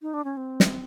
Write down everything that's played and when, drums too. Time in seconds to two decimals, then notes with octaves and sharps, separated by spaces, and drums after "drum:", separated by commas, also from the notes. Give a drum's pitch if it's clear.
0.02 D#4
0.14 D4
0.24 C#4
0.37 C4
0.60 drum: snare